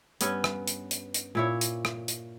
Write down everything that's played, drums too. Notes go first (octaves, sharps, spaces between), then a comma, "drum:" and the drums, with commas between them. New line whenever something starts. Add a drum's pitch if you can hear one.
G2 B3 C#4, drum: hi-hat
drum: rim click
drum: hi-hat
drum: hi-hat
drum: hi-hat
A#2 E4 C#5
drum: hi-hat
drum: rim click
drum: hi-hat